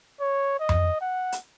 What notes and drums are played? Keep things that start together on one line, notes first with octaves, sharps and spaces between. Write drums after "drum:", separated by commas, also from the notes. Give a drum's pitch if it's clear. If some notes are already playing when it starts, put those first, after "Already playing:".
C#5
D#5
drum: tom F2
F#5
drum: hi-hat